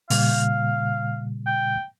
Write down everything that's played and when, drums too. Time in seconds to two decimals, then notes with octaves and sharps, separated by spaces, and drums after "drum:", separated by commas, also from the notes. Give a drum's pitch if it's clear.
0.10 A#2 C#3 G3 F5, drum: open hi-hat
1.46 G5